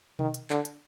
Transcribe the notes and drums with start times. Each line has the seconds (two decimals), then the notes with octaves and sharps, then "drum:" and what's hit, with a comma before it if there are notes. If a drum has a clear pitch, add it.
0.19 D#3, drum: tom B2
0.34 drum: hi-hat
0.50 D3, drum: clap
0.65 drum: hi-hat